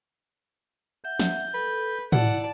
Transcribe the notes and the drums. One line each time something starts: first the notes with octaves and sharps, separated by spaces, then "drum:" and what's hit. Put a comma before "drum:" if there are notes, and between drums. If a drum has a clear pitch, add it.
E5 F#5 G6
drum: snare
A4 B4
E4 D5 F#5 A5, drum: tom